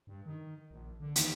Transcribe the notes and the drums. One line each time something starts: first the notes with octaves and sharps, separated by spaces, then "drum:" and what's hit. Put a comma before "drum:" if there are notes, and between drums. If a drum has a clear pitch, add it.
G2
D#3
A#1
D3
D#2 E3, drum: hi-hat